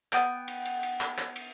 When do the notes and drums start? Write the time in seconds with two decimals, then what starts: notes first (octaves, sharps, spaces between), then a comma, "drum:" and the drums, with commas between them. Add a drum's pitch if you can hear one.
0.13 B3 G5, drum: clap
0.48 drum: cymbal
0.65 drum: cymbal
0.83 drum: cymbal
1.01 drum: clap
1.18 drum: clap
1.36 drum: cymbal